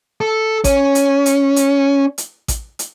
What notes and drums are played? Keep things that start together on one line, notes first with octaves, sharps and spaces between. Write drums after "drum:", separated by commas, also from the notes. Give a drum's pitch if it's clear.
A4
C#4, drum: kick A1, hi-hat
drum: hi-hat
drum: hi-hat
drum: hi-hat
drum: hi-hat
drum: kick A1, hi-hat
drum: hi-hat